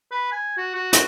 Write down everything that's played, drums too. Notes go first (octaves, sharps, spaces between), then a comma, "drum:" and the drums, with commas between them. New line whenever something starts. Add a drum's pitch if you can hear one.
B4
G#5
F#4
F#4
F#4, drum: hi-hat